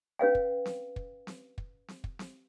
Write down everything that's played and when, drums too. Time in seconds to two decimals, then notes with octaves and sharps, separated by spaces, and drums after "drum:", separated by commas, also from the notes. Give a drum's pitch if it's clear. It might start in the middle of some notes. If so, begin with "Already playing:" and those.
0.19 C#4 B4 F5 G5
0.35 drum: kick
0.66 drum: snare C4
0.96 drum: kick
1.27 drum: snare C4
1.58 drum: kick
1.88 drum: snare C4
2.04 drum: kick
2.19 drum: snare C4